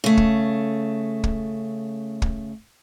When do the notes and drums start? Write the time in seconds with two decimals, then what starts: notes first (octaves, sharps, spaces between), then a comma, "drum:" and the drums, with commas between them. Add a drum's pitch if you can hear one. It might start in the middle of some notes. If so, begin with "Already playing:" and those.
0.04 C#3 A3
0.17 drum: kick
1.24 drum: kick
2.22 drum: kick